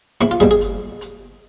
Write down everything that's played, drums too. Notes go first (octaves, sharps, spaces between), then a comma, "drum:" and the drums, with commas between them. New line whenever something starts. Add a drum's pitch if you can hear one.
E2 E4, drum: rim click
F4
B2 G3 G#4, drum: kick
G#4
drum: hi-hat
drum: hi-hat